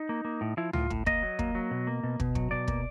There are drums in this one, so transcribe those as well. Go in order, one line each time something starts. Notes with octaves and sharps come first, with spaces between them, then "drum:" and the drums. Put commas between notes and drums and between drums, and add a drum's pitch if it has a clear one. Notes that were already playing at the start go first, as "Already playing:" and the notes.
Already playing: D#4
A#3
A#3
A2
F3 E4
A2 F4, drum: tom C#2
A2, drum: kick
A#3 D#5, drum: kick
F#3
A#3, drum: kick
F#3
B2
A#3
B2
B2, drum: kick
F#3, drum: kick
B2 D5
A#3, drum: kick